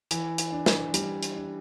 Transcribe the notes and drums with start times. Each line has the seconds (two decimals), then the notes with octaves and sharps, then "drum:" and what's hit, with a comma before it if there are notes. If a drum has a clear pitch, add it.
0.11 E3, drum: hi-hat
0.38 drum: hi-hat
0.52 D4
0.66 drum: snare
0.94 G3, drum: hi-hat
1.23 drum: hi-hat
1.36 D4